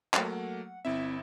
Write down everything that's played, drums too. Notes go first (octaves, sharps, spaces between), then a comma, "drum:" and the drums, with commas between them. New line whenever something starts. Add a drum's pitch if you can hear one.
F#3 A3 A#3 F#5, drum: clap
G1 C4 E4 E5